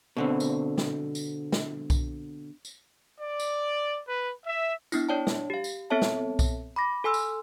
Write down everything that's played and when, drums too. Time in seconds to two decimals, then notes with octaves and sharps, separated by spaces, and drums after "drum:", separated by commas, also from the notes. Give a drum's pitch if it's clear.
0.17 B2 D3 C4
0.40 drum: tambourine
0.78 drum: snare
1.15 drum: tambourine
1.52 drum: snare
1.90 drum: kick B1, tambourine
2.65 drum: tambourine
3.21 D5
3.40 drum: tambourine
4.08 B4
4.46 E5
4.92 B3 D4 E4, drum: tambourine
5.09 D4 C#5 D5 G5 A5
5.27 drum: snare
5.50 G4 F5
5.64 drum: tambourine
5.90 B3 C4 A4 C#5 E5 A5
6.02 drum: snare
6.39 drum: kick B1, tambourine
6.76 B5 D6 A#6
7.04 A4 G#5 C6 E6 F6
7.14 drum: tambourine